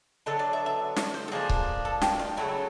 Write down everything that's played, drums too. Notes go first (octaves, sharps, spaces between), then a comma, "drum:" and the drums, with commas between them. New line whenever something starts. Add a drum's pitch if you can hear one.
D3 F#3 B3 D4 A4
D5
E5
E5
C#5, drum: snare
C5
A4
F3 A#3 D4 G#4
drum: kick C#1
A4
G4, drum: snare
F4
C#3 F#3 A3 E4